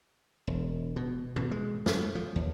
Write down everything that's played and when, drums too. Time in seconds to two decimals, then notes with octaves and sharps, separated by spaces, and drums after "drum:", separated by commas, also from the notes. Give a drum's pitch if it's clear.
0.47 E1
0.96 B2
1.36 B2, drum: tom G#2
1.51 G#3
1.86 F#2, drum: snare
2.15 F3
2.36 D#2